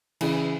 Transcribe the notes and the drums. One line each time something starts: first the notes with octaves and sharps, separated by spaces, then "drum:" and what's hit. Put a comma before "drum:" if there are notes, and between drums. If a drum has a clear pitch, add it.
C#3 E3, drum: cymbal